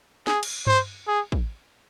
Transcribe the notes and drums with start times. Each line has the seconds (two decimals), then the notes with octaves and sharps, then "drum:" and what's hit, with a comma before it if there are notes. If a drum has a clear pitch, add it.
0.27 G#4, drum: snare
0.43 drum: cymbal
0.67 C5, drum: tom G2
1.07 G#4
1.32 drum: kick